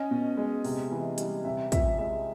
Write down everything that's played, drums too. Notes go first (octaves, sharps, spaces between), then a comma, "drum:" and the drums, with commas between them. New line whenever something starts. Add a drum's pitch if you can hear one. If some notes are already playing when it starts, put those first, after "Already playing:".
Already playing: C#4 D#5
B2
G#3
C3, drum: open hi-hat
E3
G3, drum: hi-hat
C3 E5
F3 E5, drum: kick, hi-hat
G#3 E5